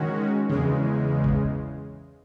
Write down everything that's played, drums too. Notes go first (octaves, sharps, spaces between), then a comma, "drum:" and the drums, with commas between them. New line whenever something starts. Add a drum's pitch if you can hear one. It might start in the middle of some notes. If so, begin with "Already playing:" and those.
Already playing: D#3 G#3 C#4 F#4
E2 C#3 G#3, drum: tom
drum: kick